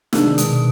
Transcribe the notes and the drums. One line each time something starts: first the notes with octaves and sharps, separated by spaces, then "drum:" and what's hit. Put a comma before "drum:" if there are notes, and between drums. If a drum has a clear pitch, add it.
C3 D#3 G#3 D4, drum: snare
B2, drum: hi-hat
B2